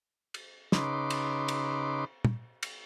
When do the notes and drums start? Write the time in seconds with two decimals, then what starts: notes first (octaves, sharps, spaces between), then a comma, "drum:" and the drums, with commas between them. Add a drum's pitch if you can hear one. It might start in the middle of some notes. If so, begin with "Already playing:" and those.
0.34 drum: cymbal
0.72 C#3 D#4 B4 C6 D6, drum: snare
1.10 drum: cymbal
1.48 drum: cymbal
2.25 drum: tom
2.63 drum: cymbal